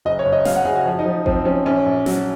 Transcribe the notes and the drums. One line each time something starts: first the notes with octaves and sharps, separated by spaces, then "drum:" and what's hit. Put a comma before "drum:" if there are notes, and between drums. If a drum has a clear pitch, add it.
F#1 D#5
C#5
F#1
D#5
F#2 F5, drum: snare
F#5
F#1 G#4
F#4
F3
D#4
F3
F3 C4, drum: kick G#1
F3 C#4
A#1 C#4
A#1
F#3, drum: snare